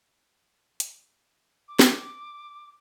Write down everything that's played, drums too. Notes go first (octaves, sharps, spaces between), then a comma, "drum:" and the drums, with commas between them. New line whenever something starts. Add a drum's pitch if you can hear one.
drum: hi-hat
D6
drum: snare